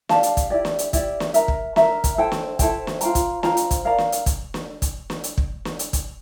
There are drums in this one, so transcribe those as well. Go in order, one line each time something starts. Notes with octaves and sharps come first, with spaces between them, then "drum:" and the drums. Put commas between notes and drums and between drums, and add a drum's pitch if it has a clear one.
G4 D5 F5 A5, drum: snare
drum: hi-hat
drum: kick, hi-hat
E4 G4 D5
drum: snare
drum: hi-hat
E4 G4 D5, drum: kick, hi-hat
drum: snare
A#4 E5 A#5, drum: hi-hat
drum: kick
A#4 E5 A#5, drum: snare
drum: kick, hi-hat
E4 A4 C5 G5
drum: snare
E4 A4 C5 G5, drum: kick, hi-hat
drum: snare
F4 C5 G5 A#5, drum: hi-hat
drum: kick, hi-hat
F4 C5 G5 A#5, drum: snare
drum: hi-hat
drum: kick, hi-hat
A#4 D5 F5 A#5
drum: snare
drum: hi-hat
drum: kick, hi-hat
drum: snare
drum: kick, hi-hat
drum: snare
drum: hi-hat
drum: kick
drum: snare
drum: hi-hat
drum: kick, hi-hat